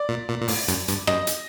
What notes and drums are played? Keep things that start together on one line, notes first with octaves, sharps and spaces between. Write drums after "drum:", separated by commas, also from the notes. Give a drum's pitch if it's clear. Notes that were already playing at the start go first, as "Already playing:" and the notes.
Already playing: D5
A#2
A#2
A#2
A2, drum: open hi-hat
F#2, drum: hi-hat
G2, drum: hi-hat
F#2 D#5, drum: rim click
drum: hi-hat